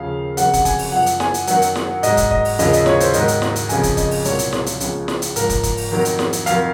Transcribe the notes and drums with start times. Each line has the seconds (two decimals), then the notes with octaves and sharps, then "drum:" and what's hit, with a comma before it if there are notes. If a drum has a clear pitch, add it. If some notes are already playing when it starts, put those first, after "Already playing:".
Already playing: D#2 C#3 F3 F5
0.37 F2 C#3 F#3 F#5, drum: hi-hat
0.53 F#5, drum: kick, hi-hat
0.65 G#5, drum: kick, hi-hat
0.79 drum: open hi-hat
0.92 F#2 F3 F#5
1.06 drum: hi-hat
1.20 G#5, drum: snare
1.34 drum: hi-hat
1.47 F#2 D#3 F#3 F#5, drum: hi-hat
1.62 drum: hi-hat
1.76 drum: snare
2.03 G#2 F#3 D#5, drum: hi-hat
2.17 drum: kick, hi-hat
2.31 D#5, drum: kick
2.45 drum: open hi-hat
2.59 D#2 C#3 F3 D#5, drum: hi-hat
2.73 D#5, drum: hi-hat
2.86 C#5, drum: snare
3.00 C5, drum: hi-hat
3.13 G#2 D#3 F#3 D#5, drum: hi-hat
3.28 drum: hi-hat
3.42 drum: snare
3.56 drum: hi-hat
3.69 F2 C#3 F3 G#5, drum: hi-hat
3.83 drum: kick, hi-hat
3.97 D#5, drum: kick, hi-hat
4.11 drum: open hi-hat
4.25 C2 A#2 F#3 C#5, drum: hi-hat
4.39 drum: hi-hat
4.53 drum: snare
4.66 drum: hi-hat
4.80 C#2 C#3 F3, drum: hi-hat
5.08 drum: snare
5.22 drum: hi-hat
5.36 G#2 F3 A#4, drum: hi-hat
5.50 drum: kick, hi-hat
5.63 drum: kick, hi-hat
5.77 drum: open hi-hat
5.91 F2 D#3 F#3
6.05 drum: hi-hat
6.19 drum: snare
6.33 drum: hi-hat
6.46 F2 D#3 F#3 F5, drum: hi-hat